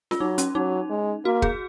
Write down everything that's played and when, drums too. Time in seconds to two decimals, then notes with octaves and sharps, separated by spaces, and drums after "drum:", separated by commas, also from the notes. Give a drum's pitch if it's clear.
0.11 F4, drum: snare C#4
0.20 F#3 D#4
0.38 C#4, drum: hi-hat
0.55 F#3 D#4
0.90 G#3
1.25 A#3 F#4
1.42 G#4, drum: kick